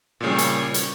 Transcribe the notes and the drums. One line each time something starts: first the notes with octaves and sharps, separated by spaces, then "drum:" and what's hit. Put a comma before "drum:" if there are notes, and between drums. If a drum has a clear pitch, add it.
A#2 C#3 G3 C#5
drum: hi-hat
drum: hi-hat